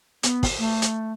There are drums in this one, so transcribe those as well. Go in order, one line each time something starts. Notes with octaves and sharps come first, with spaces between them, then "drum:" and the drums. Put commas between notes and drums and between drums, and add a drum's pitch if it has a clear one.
B3, drum: hi-hat
drum: kick, open hi-hat
A3
drum: hi-hat